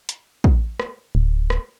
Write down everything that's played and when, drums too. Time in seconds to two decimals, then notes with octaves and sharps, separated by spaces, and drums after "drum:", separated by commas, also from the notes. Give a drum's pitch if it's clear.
0.09 drum: hi-hat
0.44 drum: kick
0.80 drum: rim click
1.15 D1
1.50 drum: rim click